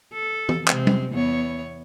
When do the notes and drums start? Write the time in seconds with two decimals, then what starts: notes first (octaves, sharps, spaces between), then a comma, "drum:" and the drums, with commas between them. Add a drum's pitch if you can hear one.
0.13 A4
0.49 drum: tom
0.68 C3 G#3 C4, drum: clap
0.87 drum: tom G3
1.11 E2 B3 C#5